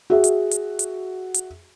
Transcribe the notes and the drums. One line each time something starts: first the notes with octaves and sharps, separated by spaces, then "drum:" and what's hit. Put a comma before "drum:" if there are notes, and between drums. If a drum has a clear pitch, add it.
F#4 G#4 E5
drum: hi-hat
drum: hi-hat
drum: hi-hat
drum: hi-hat